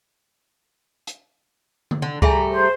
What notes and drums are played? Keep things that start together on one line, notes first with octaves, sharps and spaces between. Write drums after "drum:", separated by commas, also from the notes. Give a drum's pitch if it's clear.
drum: hi-hat
drum: tom D3
D3
G3 A3 G#4 E5 G#5 A#5, drum: kick C#2
C5